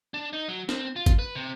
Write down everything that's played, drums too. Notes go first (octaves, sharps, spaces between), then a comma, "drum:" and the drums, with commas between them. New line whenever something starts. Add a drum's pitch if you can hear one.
D4
D#4
F#3
C4, drum: snare
F4
drum: kick, hi-hat
B4
C3